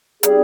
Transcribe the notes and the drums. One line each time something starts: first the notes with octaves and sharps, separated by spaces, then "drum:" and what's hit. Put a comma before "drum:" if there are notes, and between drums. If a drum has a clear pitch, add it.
G3 C4 D#4 G#4, drum: hi-hat